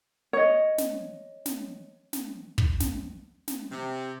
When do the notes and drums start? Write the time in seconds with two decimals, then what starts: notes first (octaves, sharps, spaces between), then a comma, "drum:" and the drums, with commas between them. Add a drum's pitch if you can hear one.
0.33 C#5 D#5
0.78 drum: snare
1.46 drum: snare
2.13 drum: snare
2.58 drum: kick
2.80 drum: snare
3.48 drum: snare
3.71 C3